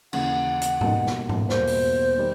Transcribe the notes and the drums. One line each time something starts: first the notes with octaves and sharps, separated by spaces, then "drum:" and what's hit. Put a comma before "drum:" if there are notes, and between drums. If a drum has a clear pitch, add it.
D#2 C#3 E3 F#5, drum: cymbal
drum: hi-hat
B2 G3 A#3 D#4, drum: tom G#2
drum: snare
drum: tom G#2
E2 B2 G3 A#3 C5, drum: snare
drum: open hi-hat
D#3 G3